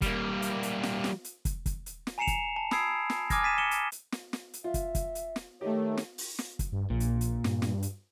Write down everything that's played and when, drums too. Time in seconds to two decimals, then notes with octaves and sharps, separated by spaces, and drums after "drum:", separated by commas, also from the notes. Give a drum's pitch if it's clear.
0.02 G3 A#3, drum: kick, hi-hat
0.42 drum: hi-hat
0.63 drum: hi-hat
0.83 drum: snare
1.04 drum: snare
1.25 drum: hi-hat
1.45 drum: kick, hi-hat
1.66 drum: kick, hi-hat
1.86 drum: hi-hat
2.07 drum: snare
2.18 G#5 A#5 C7 C#7 E7 F7
2.27 drum: kick, hi-hat
2.56 A5
2.71 B5 D#6 E6 G#6 C7 D7, drum: snare
3.10 drum: snare
3.30 G#5 D6 D#6 F6 G#6 A#6, drum: kick, hi-hat
3.43 G#5 A6 B6 D#7 E7
3.58 B6 C#7 E7 G7
3.71 drum: hi-hat
3.92 drum: hi-hat
4.12 drum: snare
4.33 drum: snare
4.54 drum: hi-hat
4.64 F4 E5
4.74 drum: kick, hi-hat
4.95 drum: kick, hi-hat
5.15 drum: hi-hat
5.36 drum: snare
5.61 D#3 A3 G4 C#5
5.97 drum: snare
6.18 drum: open hi-hat
6.39 drum: snare
6.59 drum: kick, hi-hat
6.72 G2
6.90 A#1 A#2
7.00 drum: hi-hat
7.21 drum: hi-hat
7.44 G2, drum: snare
7.62 drum: snare
7.83 drum: hi-hat